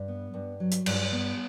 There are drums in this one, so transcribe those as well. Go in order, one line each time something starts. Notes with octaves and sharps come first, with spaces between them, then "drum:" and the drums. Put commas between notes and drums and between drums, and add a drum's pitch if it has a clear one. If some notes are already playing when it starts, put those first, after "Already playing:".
Already playing: G2
B3
G2
F#3
drum: hi-hat
G2, drum: cymbal
B3